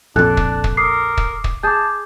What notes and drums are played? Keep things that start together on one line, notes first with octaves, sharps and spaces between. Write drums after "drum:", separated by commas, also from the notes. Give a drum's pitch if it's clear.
A#1 F2 D4 A4 F#6
drum: kick
drum: kick
A#4 D6 D#6 C7
drum: kick
drum: kick
G#4 A5 D6 G6